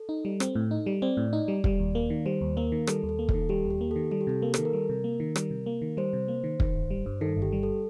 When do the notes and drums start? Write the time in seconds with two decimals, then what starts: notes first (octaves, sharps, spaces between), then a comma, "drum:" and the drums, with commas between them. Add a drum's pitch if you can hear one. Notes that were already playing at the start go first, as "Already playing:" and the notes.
Already playing: A4
0.09 D#4
0.25 G3
0.40 C4, drum: rim click
0.55 A2
0.71 D#4
0.86 G3
1.02 C4 D5
1.17 A2
1.33 D#4
1.48 G3
1.64 G3, drum: kick
1.80 D#2
1.95 A#3
2.10 D#3
2.26 G3 C5
2.41 D#2
2.57 A#3 A#4
2.72 D#3
2.87 G3 A4, drum: rim click
3.03 D#2
3.09 A4
3.19 A#3
3.29 A4, drum: kick
3.34 D#3
3.49 G3 G4
3.65 D#2 G4
3.81 A#3
3.91 D#3 A4
4.11 G3 A4
4.21 G4
4.27 C3 A4
4.42 A#3 A#4
4.54 D#3 A4, drum: rim click
4.65 A#4
4.73 G3
4.89 C3
5.04 A#3
5.20 D#3
5.36 G3, drum: rim click
5.51 C3
5.66 A#3
5.82 D#3
5.97 G3 C5
6.13 C3
6.28 A#3
6.44 D#3
6.60 D#3, drum: kick
6.75 G1
6.91 G3
7.06 G2
7.21 D#3 A4
7.37 G1
7.42 G4
7.52 G3
7.63 A4